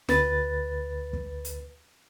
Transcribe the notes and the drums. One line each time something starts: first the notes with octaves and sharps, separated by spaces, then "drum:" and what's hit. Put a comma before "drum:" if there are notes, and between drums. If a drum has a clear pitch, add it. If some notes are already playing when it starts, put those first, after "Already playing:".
D2 B4 A6, drum: snare
drum: kick
drum: hi-hat